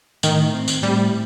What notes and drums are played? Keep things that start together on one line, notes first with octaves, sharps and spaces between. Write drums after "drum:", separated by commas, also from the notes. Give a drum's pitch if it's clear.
A2 D#3, drum: tambourine
C4
drum: tambourine
A2 G3